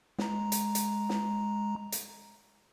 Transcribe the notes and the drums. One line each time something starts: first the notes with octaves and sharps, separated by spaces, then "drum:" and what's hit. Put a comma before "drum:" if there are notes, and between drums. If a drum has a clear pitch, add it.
G#3 A#5, drum: snare
drum: hi-hat
drum: hi-hat
drum: snare
drum: hi-hat